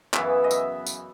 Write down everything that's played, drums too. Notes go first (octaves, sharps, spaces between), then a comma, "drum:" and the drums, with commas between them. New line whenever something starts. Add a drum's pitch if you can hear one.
F#2 C#3 E3 B3 E5, drum: clap
D#5
E5, drum: tambourine
drum: tambourine